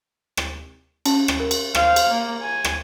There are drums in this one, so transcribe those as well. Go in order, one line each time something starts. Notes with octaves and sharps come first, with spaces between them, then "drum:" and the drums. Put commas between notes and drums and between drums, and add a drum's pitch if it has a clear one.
drum: rim click
C#4, drum: cymbal
drum: rim click
A#4
drum: cymbal
C5 F5, drum: rim click
drum: cymbal
A#3
G#5
drum: rim click